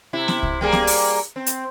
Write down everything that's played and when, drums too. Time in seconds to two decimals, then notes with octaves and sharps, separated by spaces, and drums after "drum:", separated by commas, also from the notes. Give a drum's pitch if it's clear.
0.13 C3 E4
0.28 drum: snare B3
0.43 drum: kick C2
0.61 G3 A#3 G#4
0.72 drum: snare B3
0.87 drum: open hi-hat
1.36 C4
1.46 drum: hi-hat